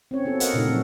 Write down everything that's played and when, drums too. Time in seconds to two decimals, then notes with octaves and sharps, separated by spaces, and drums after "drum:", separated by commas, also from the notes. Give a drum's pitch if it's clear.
0.11 C4 C#4 C#5
0.25 B3 C4 F#4 A4
0.40 A4 A#4 D#5 F5 F#5, drum: hi-hat
0.53 A#2 C#3 A3 D#4 A4
0.68 A#2 F3 F#3 C4 F#4